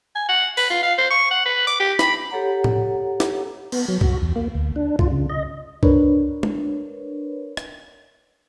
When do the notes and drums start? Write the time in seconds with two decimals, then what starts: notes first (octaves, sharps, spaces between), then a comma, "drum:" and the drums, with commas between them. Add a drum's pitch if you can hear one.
0.16 G#5
0.29 F#5
0.57 B4, drum: open hi-hat
0.70 F4
0.83 F5
0.98 C5
1.11 C#6
1.31 F#5
1.46 B4
1.67 D6, drum: tambourine
1.80 G4
1.99 B5, drum: snare
2.31 G4 A4 C#5 F#5 A#5
2.64 drum: tom A2
3.20 drum: snare
3.72 B3, drum: cymbal
3.88 F#3
4.01 F#4, drum: kick C2
4.22 E2
4.36 A#3
4.55 D2
4.76 D4
4.99 F4, drum: kick C2
5.11 C#3
5.30 D#5
5.83 D4 A#4 B4 C#5, drum: kick C2
6.43 drum: tom
7.57 drum: rim click